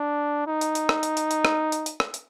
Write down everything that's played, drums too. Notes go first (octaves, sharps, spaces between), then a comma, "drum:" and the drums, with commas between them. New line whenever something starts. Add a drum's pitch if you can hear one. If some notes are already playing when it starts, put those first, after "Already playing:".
Already playing: D4
D#4
drum: hi-hat
drum: hi-hat
drum: rim click
drum: hi-hat
drum: hi-hat
drum: hi-hat
drum: rim click
drum: hi-hat
drum: hi-hat
drum: rim click
drum: hi-hat